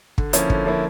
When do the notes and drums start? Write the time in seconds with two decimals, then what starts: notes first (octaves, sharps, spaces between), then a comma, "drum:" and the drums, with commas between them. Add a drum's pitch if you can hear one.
0.18 D3, drum: kick
0.33 F3 A#3 C#4 E4, drum: hi-hat
0.50 D3, drum: kick
0.66 F3 A#3 C#4 E4